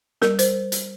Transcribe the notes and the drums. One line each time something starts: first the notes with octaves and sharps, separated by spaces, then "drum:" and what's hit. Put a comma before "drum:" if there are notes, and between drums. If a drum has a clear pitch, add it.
G3 A#4, drum: snare
C5, drum: hi-hat
drum: hi-hat